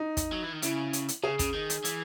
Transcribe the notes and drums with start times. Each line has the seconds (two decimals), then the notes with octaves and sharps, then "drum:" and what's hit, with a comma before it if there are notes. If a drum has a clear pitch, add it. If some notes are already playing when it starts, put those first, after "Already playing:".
Already playing: D#4
0.17 drum: kick, hi-hat
0.32 F#3
0.42 E3
0.53 D#3
0.62 C#3 E4, drum: hi-hat
0.93 drum: hi-hat
1.08 drum: hi-hat
1.23 C#3 G#4
1.39 C#3, drum: kick, hi-hat
1.55 D#3
1.70 drum: hi-hat
1.85 E3, drum: hi-hat